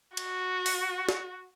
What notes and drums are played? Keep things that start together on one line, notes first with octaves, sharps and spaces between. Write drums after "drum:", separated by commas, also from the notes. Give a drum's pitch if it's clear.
F#4, drum: cymbal
drum: open hi-hat
drum: snare